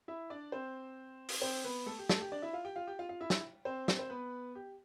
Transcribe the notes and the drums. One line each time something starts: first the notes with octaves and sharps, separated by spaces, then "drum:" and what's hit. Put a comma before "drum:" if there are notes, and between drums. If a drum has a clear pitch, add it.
E4 E5
D4 D5
C4 C5
drum: open hi-hat
C4 C5
B3 B4
A3 A4
G4
A3 A4, drum: snare
G4
D4 D5
E4 E5
F4 F5
G4 G5
F4 F5
G4 G5
F4 F5
F4 F5
E4 E5
drum: snare
C4 C5
drum: snare
C5
B3 B4
G4